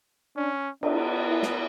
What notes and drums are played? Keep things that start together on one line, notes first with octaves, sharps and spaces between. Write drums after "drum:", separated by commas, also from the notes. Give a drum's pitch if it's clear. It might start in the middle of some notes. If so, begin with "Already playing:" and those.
C#4 D4
B3 D4, drum: cymbal
E4
drum: snare